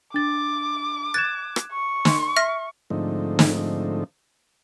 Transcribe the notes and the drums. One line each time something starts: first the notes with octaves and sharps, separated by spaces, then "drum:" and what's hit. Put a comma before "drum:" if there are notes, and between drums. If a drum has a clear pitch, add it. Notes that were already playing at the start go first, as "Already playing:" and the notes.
D4 D6 A6
F#6 G#6 A6 E7
drum: rim click
C#6
C6, drum: snare
E5 F6 A#6
G#2 D3 F3 A3 C4 D#4
drum: snare